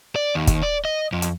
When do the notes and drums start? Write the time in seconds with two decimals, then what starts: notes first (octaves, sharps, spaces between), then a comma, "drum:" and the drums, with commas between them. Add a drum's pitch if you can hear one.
0.16 D5
0.35 D#2
0.47 drum: kick, hi-hat
0.62 D5
0.85 D#5
1.12 F2
1.22 drum: hi-hat